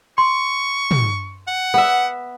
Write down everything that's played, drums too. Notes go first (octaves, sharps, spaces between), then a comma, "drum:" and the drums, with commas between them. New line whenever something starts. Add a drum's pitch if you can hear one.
C6 C#6
drum: tom
F#5
B3 E5